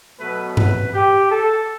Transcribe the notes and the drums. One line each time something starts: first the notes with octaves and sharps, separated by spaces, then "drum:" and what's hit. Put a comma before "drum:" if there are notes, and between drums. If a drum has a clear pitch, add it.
B2 F#3 A3 B4
B4, drum: tom G2
G4
A4